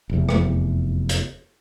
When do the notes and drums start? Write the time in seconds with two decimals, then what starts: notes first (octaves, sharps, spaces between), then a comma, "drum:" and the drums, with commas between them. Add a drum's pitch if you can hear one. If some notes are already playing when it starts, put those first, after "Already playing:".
0.10 F1 E2
0.29 drum: rim click
1.09 drum: hi-hat